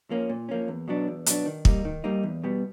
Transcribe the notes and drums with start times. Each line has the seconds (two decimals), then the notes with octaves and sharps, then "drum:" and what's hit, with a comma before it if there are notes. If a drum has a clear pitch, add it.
0.10 F3 A#3 C#4
0.29 A#2
0.49 F3 A#3 C#4
0.68 E2
0.88 B2 F#3 B3 D4
1.08 E2
1.26 B2 F#3 B3 D4, drum: hi-hat
1.46 D#3
1.65 G3 A#3 D#4, drum: kick
1.85 D#3
2.04 G3 A#3 D#4
2.23 E2
2.43 B2 G3 B3